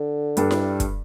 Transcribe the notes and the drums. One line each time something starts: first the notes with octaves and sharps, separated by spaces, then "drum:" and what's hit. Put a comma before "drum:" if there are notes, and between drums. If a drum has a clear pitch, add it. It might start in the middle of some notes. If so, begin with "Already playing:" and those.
Already playing: D3
G2 G3 D4 A4, drum: hi-hat
drum: snare E4
drum: kick, hi-hat